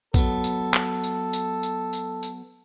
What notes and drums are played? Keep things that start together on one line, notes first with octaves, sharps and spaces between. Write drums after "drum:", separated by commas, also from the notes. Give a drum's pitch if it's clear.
F#3 B3 A4, drum: kick, tambourine
drum: tambourine
drum: clap
drum: tambourine
drum: tambourine
drum: tambourine
drum: tambourine
drum: tambourine